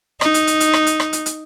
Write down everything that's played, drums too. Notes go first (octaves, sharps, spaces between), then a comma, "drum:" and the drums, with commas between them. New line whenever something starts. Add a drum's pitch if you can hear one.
D#4, drum: rim click
drum: hi-hat
drum: hi-hat
drum: hi-hat
drum: rim click
drum: hi-hat
drum: rim click
drum: hi-hat
drum: hi-hat